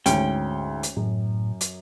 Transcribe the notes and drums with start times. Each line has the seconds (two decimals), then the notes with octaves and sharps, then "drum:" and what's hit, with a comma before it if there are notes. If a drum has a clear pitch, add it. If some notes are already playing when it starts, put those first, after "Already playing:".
0.06 D2 G#2 C#4 G5, drum: hi-hat
0.83 drum: hi-hat
0.97 F#2 A2
1.61 drum: hi-hat